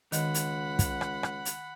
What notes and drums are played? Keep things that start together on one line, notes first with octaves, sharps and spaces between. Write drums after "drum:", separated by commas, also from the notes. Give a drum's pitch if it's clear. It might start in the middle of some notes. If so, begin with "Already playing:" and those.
C#2 D#3 F#5 B5, drum: hi-hat
drum: hi-hat
drum: kick, hi-hat
drum: rim click
drum: rim click
drum: hi-hat